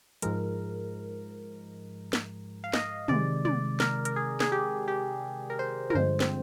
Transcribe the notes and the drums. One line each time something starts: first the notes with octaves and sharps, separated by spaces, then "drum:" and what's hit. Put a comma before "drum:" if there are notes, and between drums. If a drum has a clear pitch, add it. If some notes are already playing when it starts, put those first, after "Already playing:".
G#2 F3 G#3 A#4, drum: hi-hat
drum: snare
F5
D#5, drum: snare
C3 D#3 G#3 D5, drum: tom
D5, drum: tom
A#4, drum: snare
A#4, drum: hi-hat
G#4
G#4, drum: snare
G4
G4
A#4
C5
A#4, drum: tom
G2 D3 F3 G#3 C5
C4, drum: snare